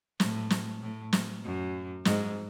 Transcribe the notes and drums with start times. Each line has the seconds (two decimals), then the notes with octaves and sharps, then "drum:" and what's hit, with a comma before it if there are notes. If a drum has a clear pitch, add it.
0.20 A2, drum: snare
0.50 drum: snare
0.81 A2
1.13 drum: snare
1.44 F#2
2.05 G#2, drum: snare